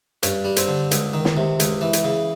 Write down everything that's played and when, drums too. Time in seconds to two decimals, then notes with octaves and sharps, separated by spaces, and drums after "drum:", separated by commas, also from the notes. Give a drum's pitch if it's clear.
0.23 G2 C#4, drum: hi-hat
0.45 G3
0.56 C4, drum: hi-hat
0.68 D3
0.91 C#2, drum: hi-hat
1.14 D#3
1.25 drum: snare
1.37 C3
1.60 C#2, drum: hi-hat
1.81 E3
1.93 drum: hi-hat
2.04 C#3